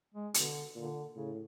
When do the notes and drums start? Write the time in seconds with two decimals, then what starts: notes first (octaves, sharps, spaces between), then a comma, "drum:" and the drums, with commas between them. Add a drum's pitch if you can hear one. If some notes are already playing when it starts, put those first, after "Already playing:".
0.14 G#3
0.34 B2 D3, drum: hi-hat
0.75 A#2 D3
1.15 A2 C#3